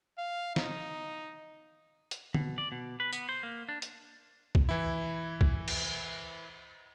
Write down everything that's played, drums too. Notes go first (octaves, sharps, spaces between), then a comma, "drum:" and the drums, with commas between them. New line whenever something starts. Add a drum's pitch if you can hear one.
F5
D#4, drum: snare
drum: hi-hat
B2, drum: tom D3
D5
B2
B4
B3, drum: tambourine
C5
A#3
D4
drum: hi-hat
drum: kick
E3 E4
drum: kick
drum: cymbal